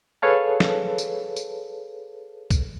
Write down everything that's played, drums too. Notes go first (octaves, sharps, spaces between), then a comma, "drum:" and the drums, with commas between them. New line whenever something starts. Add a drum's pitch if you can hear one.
G#4 A4 B4 C#5 F5 A5
drum: snare
drum: tambourine
drum: tambourine
drum: kick C2, tambourine